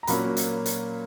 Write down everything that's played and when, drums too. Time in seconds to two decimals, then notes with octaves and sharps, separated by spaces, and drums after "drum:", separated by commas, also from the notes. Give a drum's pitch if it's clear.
0.03 A#5
0.07 A#2 F#3 A#3 C#4 B5, drum: hi-hat
0.37 drum: hi-hat
0.66 drum: hi-hat